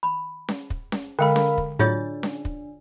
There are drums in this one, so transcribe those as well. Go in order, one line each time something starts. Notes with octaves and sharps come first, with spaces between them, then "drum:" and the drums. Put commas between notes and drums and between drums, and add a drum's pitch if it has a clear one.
B5
drum: snare C#4
drum: kick
drum: snare C#4
D3 G#3 A4 A#4 F5 G5 B5
drum: snare C#4
drum: kick
A2 F#3 D4 F4 G#4 C#5 A6
drum: snare C#4
drum: kick